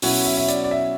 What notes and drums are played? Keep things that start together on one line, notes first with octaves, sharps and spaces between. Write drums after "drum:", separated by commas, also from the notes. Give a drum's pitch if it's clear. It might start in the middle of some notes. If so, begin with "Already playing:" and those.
B2 F#3 C#4 E4 F#5, drum: open hi-hat
E5
E5
D5, drum: hi-hat
D5
E5